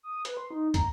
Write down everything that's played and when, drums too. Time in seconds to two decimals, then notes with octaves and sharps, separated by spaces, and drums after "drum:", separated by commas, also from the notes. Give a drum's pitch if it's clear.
0.03 D#6
0.25 B4, drum: hi-hat
0.37 C6
0.51 D#4
0.74 A#5, drum: kick, hi-hat